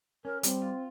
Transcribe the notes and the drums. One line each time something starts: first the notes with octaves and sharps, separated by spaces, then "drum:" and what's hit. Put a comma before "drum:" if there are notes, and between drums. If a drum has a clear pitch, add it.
C#4 A#4
G3 C4, drum: hi-hat
F4